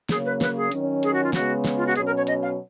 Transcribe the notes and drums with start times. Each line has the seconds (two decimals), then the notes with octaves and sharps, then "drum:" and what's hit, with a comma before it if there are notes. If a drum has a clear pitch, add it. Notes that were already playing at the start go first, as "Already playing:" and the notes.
0.09 C#3 F#3 A#3 G#4, drum: snare
0.25 B4
0.41 B4, drum: snare
0.56 G#4
0.72 D#3 F#3 C#4, drum: hi-hat
1.03 G#4, drum: hi-hat
1.13 F#4
1.23 F4
1.33 C#3 G#3 B3 F#4, drum: snare
1.65 drum: snare
1.77 F4
1.86 F#4
1.96 B2 F#3 C#4 G#4, drum: hi-hat
2.06 A#4
2.17 C#5
2.27 D#5, drum: hi-hat
2.42 F5